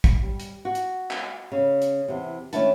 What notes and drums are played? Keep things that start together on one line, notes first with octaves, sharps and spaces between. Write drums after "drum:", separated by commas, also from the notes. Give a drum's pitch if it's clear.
drum: kick, hi-hat
G3
drum: hi-hat
F#4
drum: hi-hat
drum: clap
C#3
drum: hi-hat
E2 C3
D#3 A3 C#4 D4 E4 A5, drum: hi-hat